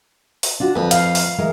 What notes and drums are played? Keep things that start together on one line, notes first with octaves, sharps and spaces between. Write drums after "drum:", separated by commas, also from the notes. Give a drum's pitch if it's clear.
drum: open hi-hat
D4 F4 F#4
F2 B4
F5, drum: hi-hat
drum: open hi-hat
E3 G#3 A#4